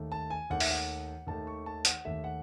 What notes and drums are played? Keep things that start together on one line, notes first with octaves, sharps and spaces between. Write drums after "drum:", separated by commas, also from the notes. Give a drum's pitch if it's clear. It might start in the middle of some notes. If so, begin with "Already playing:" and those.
Already playing: D#2 D#3 A3
A5
G#5
D#2 D#3 A3 F#5
E5, drum: open hi-hat
F#5
D#2 D#3 A3 A5
C#6
A5
F#5, drum: hi-hat
D#2 D#3 A3 E5
F#5